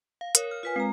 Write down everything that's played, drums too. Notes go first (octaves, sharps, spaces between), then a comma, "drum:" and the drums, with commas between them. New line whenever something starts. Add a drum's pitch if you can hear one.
F5
A#4 C#5, drum: hi-hat
F6
F4 B4 G#5
G#3 C4 A#5